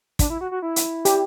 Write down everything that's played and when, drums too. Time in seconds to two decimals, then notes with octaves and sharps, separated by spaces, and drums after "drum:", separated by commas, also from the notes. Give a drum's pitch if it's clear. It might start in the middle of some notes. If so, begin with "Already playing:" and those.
0.19 D4, drum: kick, hi-hat
0.30 E4
0.41 F#4
0.51 F#4
0.62 E4
0.76 drum: hi-hat
1.05 G4, drum: hi-hat